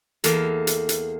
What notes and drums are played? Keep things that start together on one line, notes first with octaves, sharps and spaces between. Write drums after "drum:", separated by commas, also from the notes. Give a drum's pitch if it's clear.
E2 A#3 A4, drum: hi-hat
drum: hi-hat
drum: hi-hat